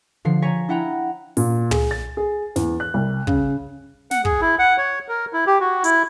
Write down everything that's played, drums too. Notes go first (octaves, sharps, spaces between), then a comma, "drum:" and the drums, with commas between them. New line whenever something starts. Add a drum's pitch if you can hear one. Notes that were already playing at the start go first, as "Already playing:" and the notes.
D3 F3 C7
C#5 G#5 A#5 B6
D4 E4 F#5 G5 A#5
A#2, drum: open hi-hat
G#4, drum: tom
A6
G#4
E2, drum: snare
F#6
C2
C#3, drum: kick
F#5, drum: snare
G#4, drum: kick
E4
F#5
C#5
A#4
E4
G4
F#4
E4, drum: hi-hat